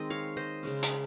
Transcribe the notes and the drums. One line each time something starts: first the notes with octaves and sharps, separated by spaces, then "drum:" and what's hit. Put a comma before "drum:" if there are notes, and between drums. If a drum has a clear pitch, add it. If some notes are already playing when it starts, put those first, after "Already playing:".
Already playing: D#3 G#3 C4 D#5
C#5 F5
C5 D#5
C#3 G#3 C#4
drum: hi-hat